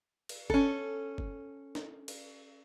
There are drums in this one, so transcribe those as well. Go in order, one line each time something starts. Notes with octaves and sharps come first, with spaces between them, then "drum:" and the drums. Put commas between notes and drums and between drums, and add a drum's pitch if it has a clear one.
drum: cymbal
C#4 A4, drum: kick F#1
drum: kick F#1
drum: snare
drum: cymbal